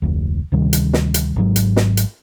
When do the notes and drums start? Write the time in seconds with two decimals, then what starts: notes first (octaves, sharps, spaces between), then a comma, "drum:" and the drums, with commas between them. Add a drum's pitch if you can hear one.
0.02 F1 D2
0.52 D2 C3 D#3 G3
0.73 drum: hi-hat
0.93 drum: snare
1.14 drum: hi-hat
1.36 G#1 G#2 F#3
1.56 drum: hi-hat
1.76 drum: snare
1.97 drum: hi-hat